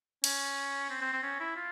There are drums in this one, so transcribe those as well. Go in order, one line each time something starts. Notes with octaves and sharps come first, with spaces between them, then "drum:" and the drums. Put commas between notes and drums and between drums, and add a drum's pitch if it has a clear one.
C#4, drum: cymbal
C4
C4
C4
C#4
E4
F4